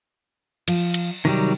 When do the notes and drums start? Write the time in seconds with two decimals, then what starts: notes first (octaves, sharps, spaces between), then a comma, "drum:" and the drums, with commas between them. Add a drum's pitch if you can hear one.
0.68 F3, drum: cymbal
0.94 drum: cymbal
1.25 C3 D#3 F#3 G3